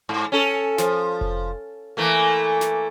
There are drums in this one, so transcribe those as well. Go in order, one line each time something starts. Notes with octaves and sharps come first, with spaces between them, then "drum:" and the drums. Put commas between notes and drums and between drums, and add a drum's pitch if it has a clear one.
G#2
C#4 A4
F3, drum: snare
drum: kick F1
E3 A3 A#3
drum: snare